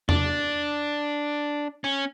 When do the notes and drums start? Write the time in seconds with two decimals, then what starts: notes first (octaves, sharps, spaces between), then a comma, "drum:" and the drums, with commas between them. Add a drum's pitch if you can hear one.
0.09 D4, drum: tom E2
1.84 C#4